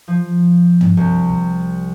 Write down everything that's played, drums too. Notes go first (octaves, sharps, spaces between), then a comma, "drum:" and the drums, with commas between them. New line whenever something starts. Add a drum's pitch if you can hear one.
F3
drum: tom
C2
drum: kick